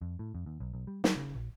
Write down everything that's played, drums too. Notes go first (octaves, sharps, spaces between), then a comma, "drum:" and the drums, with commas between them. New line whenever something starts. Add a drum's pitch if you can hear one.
F2
A2
F2
D#2
B1
B1
G3
F#3, drum: snare
C#3
A#1